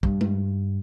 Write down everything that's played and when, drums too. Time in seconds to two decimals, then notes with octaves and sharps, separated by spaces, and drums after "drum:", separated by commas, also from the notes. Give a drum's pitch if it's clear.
0.03 G2, drum: kick
0.21 drum: tom G#3